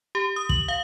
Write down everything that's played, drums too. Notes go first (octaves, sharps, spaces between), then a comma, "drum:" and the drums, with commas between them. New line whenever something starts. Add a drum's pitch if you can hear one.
G4
D#6
F#7, drum: kick
F5